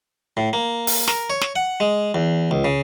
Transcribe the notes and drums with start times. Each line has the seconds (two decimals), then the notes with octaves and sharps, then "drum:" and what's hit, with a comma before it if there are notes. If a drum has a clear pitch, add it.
0.37 A2
0.53 A#3
0.87 drum: open hi-hat
1.08 A#4, drum: snare
1.30 C#5
1.41 drum: snare
1.56 F#5
1.80 G#3
2.14 E2
2.51 C#2
2.64 C#3